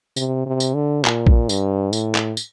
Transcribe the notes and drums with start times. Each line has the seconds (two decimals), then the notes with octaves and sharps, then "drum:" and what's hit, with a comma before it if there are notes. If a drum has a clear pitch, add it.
0.16 C3, drum: tambourine
0.46 C3
0.60 drum: tambourine
0.75 D3
1.05 A#2, drum: clap
1.27 drum: kick A#1
1.49 G2, drum: tambourine
1.93 A2, drum: tambourine
2.15 drum: clap
2.37 drum: tambourine